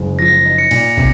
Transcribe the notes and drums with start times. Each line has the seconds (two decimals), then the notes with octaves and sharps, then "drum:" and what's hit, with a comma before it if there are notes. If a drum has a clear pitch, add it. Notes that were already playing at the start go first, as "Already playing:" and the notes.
Already playing: F#1 G#3
0.19 F3 A#6
0.45 D#4
0.58 C#7
0.71 A#2, drum: cymbal
0.97 C3, drum: kick